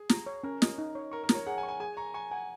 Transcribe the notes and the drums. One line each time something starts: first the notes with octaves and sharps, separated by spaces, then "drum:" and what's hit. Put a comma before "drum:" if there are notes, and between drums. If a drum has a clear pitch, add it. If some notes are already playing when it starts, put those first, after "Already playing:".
Already playing: G#4
A#5, drum: snare
C#5
C#4 A#4
D#5, drum: snare
D#4
C#5
A#4 C#6
A#4
A#5, drum: snare
C#5
G#4 F#5
G#5
C#6
G#5
G#4 G#5
A#5 C#6
G#5 C#6
F#5 G#5